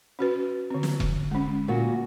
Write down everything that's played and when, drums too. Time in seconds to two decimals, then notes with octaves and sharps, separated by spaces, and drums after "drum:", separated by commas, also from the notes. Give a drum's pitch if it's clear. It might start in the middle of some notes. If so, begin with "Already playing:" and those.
0.19 C#4 F#4 B4
0.71 D3 C4
0.83 drum: snare
1.00 drum: kick E1
1.31 G#3 C#4
1.68 A#2 F#4 A#4